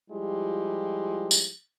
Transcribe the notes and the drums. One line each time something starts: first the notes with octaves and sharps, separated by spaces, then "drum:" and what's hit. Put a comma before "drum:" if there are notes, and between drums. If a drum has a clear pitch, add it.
F3 G3 G#3 E4 F4 G4
drum: tambourine